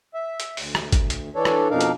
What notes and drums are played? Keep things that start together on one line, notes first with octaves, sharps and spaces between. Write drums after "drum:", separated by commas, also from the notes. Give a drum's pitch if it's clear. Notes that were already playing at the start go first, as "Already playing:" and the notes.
E5
drum: hi-hat
D2, drum: open hi-hat
drum: rim click
drum: kick, hi-hat
drum: hi-hat
E3 D4 A4 C#5
drum: rim click
F2 B2 D4 D#4 A#4 F5
drum: hi-hat